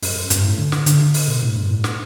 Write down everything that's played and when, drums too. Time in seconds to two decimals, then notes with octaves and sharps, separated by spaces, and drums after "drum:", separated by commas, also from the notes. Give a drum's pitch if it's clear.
0.02 F#2, drum: open hi-hat
0.16 F#2
0.30 G2, drum: hi-hat
0.45 A2
0.58 D3
0.72 drum: snare
0.86 D3, drum: hi-hat
1.14 drum: open hi-hat
1.28 B2
1.43 A2
1.56 G2
1.70 A2
1.84 drum: snare